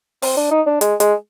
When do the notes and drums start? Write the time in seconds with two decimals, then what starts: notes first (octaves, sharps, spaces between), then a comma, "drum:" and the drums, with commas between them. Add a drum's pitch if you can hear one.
0.22 C4, drum: open hi-hat
0.37 D4
0.51 D#4
0.66 D4
0.81 G#3, drum: hi-hat
1.00 G#3, drum: hi-hat